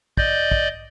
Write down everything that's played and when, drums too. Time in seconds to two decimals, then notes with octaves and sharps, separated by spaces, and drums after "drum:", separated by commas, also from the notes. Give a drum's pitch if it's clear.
0.17 D5 D#5 G6, drum: kick
0.52 drum: kick